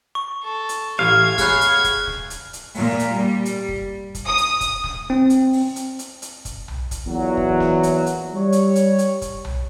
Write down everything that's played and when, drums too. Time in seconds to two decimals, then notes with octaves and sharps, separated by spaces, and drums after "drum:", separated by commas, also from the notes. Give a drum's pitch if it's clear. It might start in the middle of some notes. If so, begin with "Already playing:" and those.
0.15 C#6
0.44 A4
0.69 drum: hi-hat
0.99 A1 F5 G#6
1.38 B3 C#4 G#4 F6 F#6, drum: kick, hi-hat
1.61 drum: hi-hat
1.84 drum: kick, hi-hat
2.07 drum: snare
2.30 drum: hi-hat
2.53 drum: hi-hat
2.75 A#2, drum: open hi-hat
2.99 drum: hi-hat
3.17 G3
3.45 drum: hi-hat
3.68 drum: kick
4.15 drum: kick, hi-hat
4.27 D#6
4.38 drum: hi-hat
4.61 drum: kick, hi-hat
4.84 drum: snare
5.10 C4
5.30 drum: hi-hat
5.53 drum: open hi-hat
5.76 drum: hi-hat
5.99 drum: hi-hat
6.22 drum: hi-hat
6.45 drum: kick, hi-hat
6.68 drum: tom B1
6.91 drum: kick, hi-hat
7.07 E2 A#2 E3 F#3
7.37 drum: kick
7.60 drum: snare
7.83 drum: hi-hat
8.06 drum: hi-hat
8.34 G3 C#5
8.52 drum: hi-hat
8.75 drum: hi-hat
8.99 drum: hi-hat
9.22 drum: kick, hi-hat
9.45 drum: tom B1